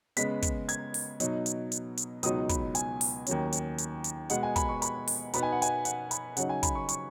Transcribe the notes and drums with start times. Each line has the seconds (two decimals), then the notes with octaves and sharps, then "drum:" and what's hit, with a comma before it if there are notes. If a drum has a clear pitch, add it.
0.17 C#3 G#3 B3 B6, drum: hi-hat
0.42 drum: kick, hi-hat
0.69 G#6, drum: hi-hat
0.94 drum: open hi-hat
1.20 B2 F#3 D#4, drum: hi-hat
1.46 drum: hi-hat
1.72 drum: hi-hat
1.97 drum: hi-hat
2.23 C#2 B2 F#3 D#4 D#6, drum: hi-hat
2.49 B5, drum: kick, hi-hat
2.75 G#5, drum: hi-hat
3.01 drum: open hi-hat
3.27 D#2 D#3 F#3 C#4, drum: hi-hat
3.52 drum: hi-hat
3.78 drum: hi-hat
4.04 drum: hi-hat
4.30 B2 G#3 B3 F#5, drum: hi-hat
4.43 G#5
4.56 B5, drum: kick, hi-hat
4.69 C#6
4.82 B5, drum: hi-hat
5.07 drum: open hi-hat
5.33 B2 B3 D#4 B5, drum: hi-hat
5.43 G#5
5.52 F#5
5.62 G#5, drum: hi-hat
5.85 F#5, drum: hi-hat
6.11 B5, drum: hi-hat
6.37 C#3 F#3 D#4 F#5, drum: hi-hat
6.49 G#5
6.63 B5, drum: kick, hi-hat
6.75 C#6
6.89 C#6, drum: hi-hat